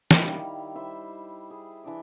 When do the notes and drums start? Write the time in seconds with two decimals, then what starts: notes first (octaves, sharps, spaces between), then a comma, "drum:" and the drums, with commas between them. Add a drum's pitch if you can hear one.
0.11 D#3 G3 E4 F5, drum: snare
0.75 E4 C5 E5
1.51 G#4
1.84 E3 D4 D6